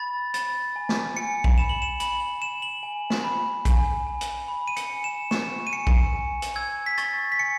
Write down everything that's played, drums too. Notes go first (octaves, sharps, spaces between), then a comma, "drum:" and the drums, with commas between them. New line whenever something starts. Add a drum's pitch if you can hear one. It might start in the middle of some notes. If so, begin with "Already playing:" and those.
Already playing: B5 A6
B5 A6, drum: hi-hat
G#5
drum: snare
G#5 C#7
drum: kick A#1
B5 E7
F#7
E7
B5 F#7, drum: hi-hat
F#7
B5 E7
F#7
G#5
drum: snare
B5
G#5, drum: kick A#1, hi-hat
G#5
drum: hi-hat
B5
D#7
C#7, drum: hi-hat
G#5
E7
C#6 E7, drum: snare
D#7
G#5 C#7
drum: kick A#1
G#5
drum: hi-hat
E6 G#6
B6
C#6 A6, drum: hi-hat
B6
G#5 C#7